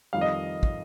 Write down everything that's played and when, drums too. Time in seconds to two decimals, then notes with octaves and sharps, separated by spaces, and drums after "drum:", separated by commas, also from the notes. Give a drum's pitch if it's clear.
0.13 F2 D#3 G3 F5
0.21 D#5
0.63 drum: kick